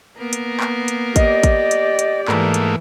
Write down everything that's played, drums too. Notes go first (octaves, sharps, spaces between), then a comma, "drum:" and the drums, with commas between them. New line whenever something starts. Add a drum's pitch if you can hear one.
A#3 B3 A#4
drum: hi-hat
drum: clap
drum: hi-hat
G4 D5 D#5, drum: kick, hi-hat
drum: kick, hi-hat
drum: hi-hat
drum: hi-hat
G#2 E3 A3 A#3, drum: clap
drum: hi-hat